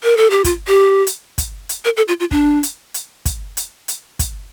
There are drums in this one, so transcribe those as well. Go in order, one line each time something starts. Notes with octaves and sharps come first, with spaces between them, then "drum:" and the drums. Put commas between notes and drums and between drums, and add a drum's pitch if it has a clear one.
A#4
A4
G4
F4, drum: kick, hi-hat
G4
drum: hi-hat
drum: kick, hi-hat
drum: hi-hat
A#4
A4
F4
F4
D4, drum: kick
drum: hi-hat
drum: hi-hat
drum: kick, hi-hat
drum: hi-hat
drum: hi-hat
drum: kick, hi-hat